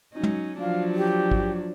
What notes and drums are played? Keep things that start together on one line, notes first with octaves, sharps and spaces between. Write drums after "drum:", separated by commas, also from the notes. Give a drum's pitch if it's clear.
F#3 C#4 D#4
drum: tom
F3 F#3 D4 F5
G4
drum: kick